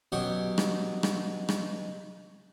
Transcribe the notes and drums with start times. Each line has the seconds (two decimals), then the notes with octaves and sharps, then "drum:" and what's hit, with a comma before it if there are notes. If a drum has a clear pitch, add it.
0.12 B2 F#3 C#4 G4 C#6
0.58 drum: rim click
1.03 drum: rim click
1.49 drum: rim click